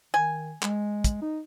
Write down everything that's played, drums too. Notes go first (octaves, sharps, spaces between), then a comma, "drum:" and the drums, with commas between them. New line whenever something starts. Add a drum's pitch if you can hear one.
D#3 G#5
G#3, drum: clap
drum: kick, hi-hat
D#4